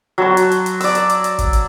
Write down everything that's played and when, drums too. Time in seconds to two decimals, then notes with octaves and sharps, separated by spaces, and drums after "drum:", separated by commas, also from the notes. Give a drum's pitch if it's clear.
0.18 F#3 A5 C6
0.37 drum: hi-hat
0.51 drum: hi-hat
0.66 drum: hi-hat
0.80 D5 E6, drum: open hi-hat
0.95 drum: hi-hat
1.10 drum: hi-hat
1.24 drum: hi-hat
1.39 drum: kick G1, hi-hat
1.53 drum: hi-hat